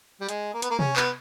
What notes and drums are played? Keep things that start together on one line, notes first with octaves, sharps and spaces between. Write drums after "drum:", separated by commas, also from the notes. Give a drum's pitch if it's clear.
G3
G#3, drum: hi-hat
A#3
B3, drum: hi-hat
A#3
C#4, drum: tom C3
B3, drum: clap